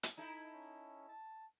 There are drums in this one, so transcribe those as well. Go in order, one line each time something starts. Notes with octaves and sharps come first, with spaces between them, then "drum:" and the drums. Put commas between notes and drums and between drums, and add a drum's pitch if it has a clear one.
drum: hi-hat
D#4 E4 A4
C#4
A5